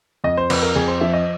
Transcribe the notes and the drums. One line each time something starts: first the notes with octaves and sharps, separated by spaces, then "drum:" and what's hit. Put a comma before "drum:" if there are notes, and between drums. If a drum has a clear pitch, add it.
F2 D#5
C5
F2 B4, drum: cymbal
A#4
F2 G#4
C5
F3 E5
D#5